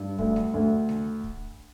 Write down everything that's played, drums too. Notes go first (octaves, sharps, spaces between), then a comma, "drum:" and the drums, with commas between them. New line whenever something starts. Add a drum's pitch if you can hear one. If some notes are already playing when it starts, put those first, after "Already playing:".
Already playing: G2
D2, drum: kick
drum: snare G#3
D2
drum: snare G#3
drum: kick